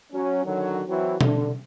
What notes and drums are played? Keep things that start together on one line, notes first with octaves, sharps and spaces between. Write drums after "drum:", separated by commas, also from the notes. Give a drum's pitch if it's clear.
F#3 C#4
D3 D#3 F#3
E3 F#3 C4 E4 F#4
D3, drum: tom B2